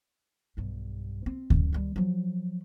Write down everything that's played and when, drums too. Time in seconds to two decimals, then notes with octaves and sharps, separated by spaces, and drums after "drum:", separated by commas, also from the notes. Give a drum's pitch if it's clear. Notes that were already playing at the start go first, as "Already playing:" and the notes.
0.57 B1 G2
1.26 C4
1.50 F#2, drum: kick D2
1.73 D#3 G3
1.96 F3 F#3